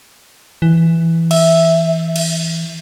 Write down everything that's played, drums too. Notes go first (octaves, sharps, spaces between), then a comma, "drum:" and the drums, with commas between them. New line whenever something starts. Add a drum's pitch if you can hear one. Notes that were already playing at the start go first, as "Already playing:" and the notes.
E3
E5, drum: cymbal
drum: cymbal